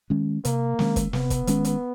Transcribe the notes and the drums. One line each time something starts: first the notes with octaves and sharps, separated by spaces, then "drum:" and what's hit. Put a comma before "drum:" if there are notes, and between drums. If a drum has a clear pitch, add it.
D#3 G#3 C#4
C3 A#3, drum: hi-hat
D#3 G#3 C#4, drum: snare
drum: kick, hi-hat
C3 B3, drum: snare
drum: kick, hi-hat
D#3 G#3 C#4, drum: hi-hat
drum: hi-hat